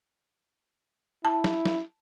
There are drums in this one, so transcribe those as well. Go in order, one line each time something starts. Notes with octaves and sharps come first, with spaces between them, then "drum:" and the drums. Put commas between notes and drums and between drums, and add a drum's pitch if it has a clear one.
E4 A5
drum: snare
drum: snare